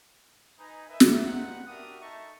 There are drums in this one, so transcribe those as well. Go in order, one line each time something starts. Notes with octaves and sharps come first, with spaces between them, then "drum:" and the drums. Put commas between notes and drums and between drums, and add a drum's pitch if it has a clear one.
D#4 B4 G#5
A#4 B4 D#5 E5
drum: snare
G3 D#4 F4 B4 F#5
D4 F#4 G4 A#4 E5 D#6
A3 D#4 D#5 E5 A5 C#6